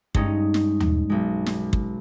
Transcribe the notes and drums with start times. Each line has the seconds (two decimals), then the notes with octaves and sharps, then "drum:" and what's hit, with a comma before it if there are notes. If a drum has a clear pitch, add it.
0.15 G2 G#3 C#4 D#4, drum: kick
0.54 drum: snare
0.80 drum: tom D#2
1.10 B1 G#3
1.46 drum: snare
1.73 drum: kick